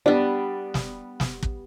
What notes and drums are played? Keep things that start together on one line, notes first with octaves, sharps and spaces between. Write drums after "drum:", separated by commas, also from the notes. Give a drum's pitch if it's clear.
G3 B3 D4
drum: snare
drum: snare
drum: kick